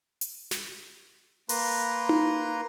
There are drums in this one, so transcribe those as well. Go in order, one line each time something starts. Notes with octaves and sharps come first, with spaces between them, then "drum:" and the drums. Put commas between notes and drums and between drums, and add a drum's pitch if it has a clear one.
drum: hi-hat
drum: snare
A#3 B4 A#5 C6, drum: open hi-hat
drum: tom D#4